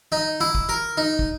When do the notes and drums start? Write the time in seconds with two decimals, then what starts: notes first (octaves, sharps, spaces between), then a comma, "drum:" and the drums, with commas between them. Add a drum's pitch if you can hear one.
0.12 D#4
0.41 E4
0.55 drum: kick
0.69 A#4
0.97 D#4
1.19 drum: kick